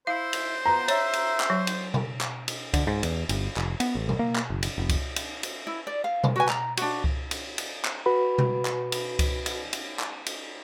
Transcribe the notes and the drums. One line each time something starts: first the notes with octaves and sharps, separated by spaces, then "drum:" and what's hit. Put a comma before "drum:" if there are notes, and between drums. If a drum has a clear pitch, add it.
E4 C5 F5
drum: cymbal
B3 F4 A#5
C#5 E5, drum: cymbal
drum: cymbal
drum: clap
F#3
drum: cymbal
drum: tom B2
drum: clap
drum: cymbal
D3, drum: kick C#2, cymbal
G#2
E2, drum: cymbal
G1, drum: cymbal
F1, drum: clap
B3, drum: cymbal
A1
drum: tom B2
A#3
drum: clap
F#1
drum: cymbal
F1
drum: kick C#2, cymbal
drum: cymbal
drum: cymbal
E4
D5
F5
drum: tom B2
F#4 B4 G#5
A#5, drum: clap
D4 F#4, drum: cymbal
drum: kick C#2
drum: cymbal
drum: cymbal
drum: clap
F#4 B4 B5
drum: tom B2
drum: clap
drum: cymbal
drum: kick C#2, cymbal
drum: cymbal
drum: cymbal
drum: clap
drum: cymbal